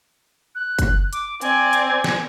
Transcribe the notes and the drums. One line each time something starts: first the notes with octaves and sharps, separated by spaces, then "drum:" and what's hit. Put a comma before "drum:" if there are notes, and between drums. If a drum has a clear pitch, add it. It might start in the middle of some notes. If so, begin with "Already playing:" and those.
F#6
drum: kick, hi-hat
D6, drum: hi-hat
C4 D5 G#5, drum: hi-hat
drum: hi-hat
drum: snare